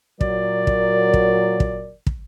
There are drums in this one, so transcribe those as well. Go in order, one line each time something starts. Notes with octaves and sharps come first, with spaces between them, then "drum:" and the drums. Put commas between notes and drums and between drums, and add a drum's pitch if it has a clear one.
A#2 F#3 A#4 D5, drum: kick
drum: kick
drum: kick
drum: kick
drum: kick